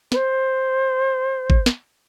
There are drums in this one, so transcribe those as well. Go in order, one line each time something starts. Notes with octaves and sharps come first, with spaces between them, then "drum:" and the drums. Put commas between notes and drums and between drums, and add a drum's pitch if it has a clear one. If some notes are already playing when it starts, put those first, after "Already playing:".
B4, drum: snare
C5
drum: kick G#1
drum: snare